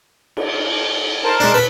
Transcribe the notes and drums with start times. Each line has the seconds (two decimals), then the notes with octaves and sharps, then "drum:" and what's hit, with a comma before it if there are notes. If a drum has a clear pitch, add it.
0.37 drum: cymbal
1.24 A#4 C5 A5
1.40 G#3 D4
1.54 B4 B5